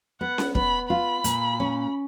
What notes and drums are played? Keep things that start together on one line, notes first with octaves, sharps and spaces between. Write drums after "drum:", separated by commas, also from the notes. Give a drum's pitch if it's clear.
B3 F#5
drum: snare C#4
B3 B5, drum: kick
F4 B5
A#2, drum: hi-hat
C#4